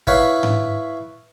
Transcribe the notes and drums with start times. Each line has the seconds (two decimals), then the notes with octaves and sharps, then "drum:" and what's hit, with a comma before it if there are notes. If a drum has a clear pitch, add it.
0.07 E4 B4 C#5 F5, drum: kick
0.43 drum: tom G#2